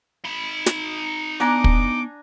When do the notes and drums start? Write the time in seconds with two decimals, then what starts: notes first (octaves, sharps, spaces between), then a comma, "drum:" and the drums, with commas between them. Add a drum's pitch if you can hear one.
0.25 D#4 B5
0.66 drum: snare
1.40 B3 D4 G#5 A#5 D6
1.64 drum: kick